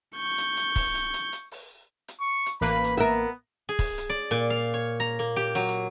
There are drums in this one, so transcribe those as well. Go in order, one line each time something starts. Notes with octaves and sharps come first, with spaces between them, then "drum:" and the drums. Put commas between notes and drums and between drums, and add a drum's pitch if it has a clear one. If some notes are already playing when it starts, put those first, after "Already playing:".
C#6 G6
drum: hi-hat
drum: hi-hat
drum: kick, open hi-hat
drum: hi-hat
drum: hi-hat
drum: hi-hat
drum: open hi-hat
drum: hi-hat
C#6
drum: hi-hat
A1 A#3 B4 B5
drum: hi-hat
B3 A#4 E5
G#4
drum: kick, open hi-hat
drum: hi-hat
D5
A#2
F5
C#5
A#5
A#3
G4
F#3
drum: hi-hat